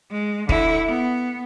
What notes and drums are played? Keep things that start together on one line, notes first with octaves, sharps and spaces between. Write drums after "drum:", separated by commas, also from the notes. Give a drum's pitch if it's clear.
G#3
D3 E4, drum: kick
B3